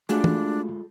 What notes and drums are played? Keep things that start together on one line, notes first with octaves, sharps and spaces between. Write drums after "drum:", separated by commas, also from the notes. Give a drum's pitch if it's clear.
G#3 A3 D4 F4 F#4 G#4 A4
drum: tom